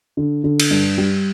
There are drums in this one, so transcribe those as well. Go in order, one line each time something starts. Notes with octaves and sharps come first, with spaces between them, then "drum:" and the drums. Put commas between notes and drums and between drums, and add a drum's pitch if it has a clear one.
D3
D3
drum: cymbal
G2
G3